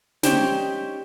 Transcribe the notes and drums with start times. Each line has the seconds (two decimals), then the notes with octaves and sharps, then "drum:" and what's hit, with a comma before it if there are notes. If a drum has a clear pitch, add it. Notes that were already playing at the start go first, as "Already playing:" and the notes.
0.23 C#4 D#4 G4 C5 D5, drum: snare